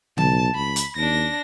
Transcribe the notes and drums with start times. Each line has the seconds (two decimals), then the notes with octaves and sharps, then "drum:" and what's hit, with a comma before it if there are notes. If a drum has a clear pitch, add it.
0.18 B1 A5, drum: tom C#3
0.55 C#2 B5
0.76 drum: hi-hat
0.96 D#2 D4 A#6